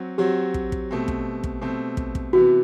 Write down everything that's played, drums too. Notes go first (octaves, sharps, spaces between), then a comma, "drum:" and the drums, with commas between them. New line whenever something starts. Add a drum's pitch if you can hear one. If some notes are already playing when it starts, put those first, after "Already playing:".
Already playing: F#3 C4 F#4
F#3 C4 F#4 G4
drum: kick
drum: kick
B2 A3 C4
drum: kick
drum: kick
B2 A3 C4
drum: kick
drum: kick
C3 E3 B3 F#4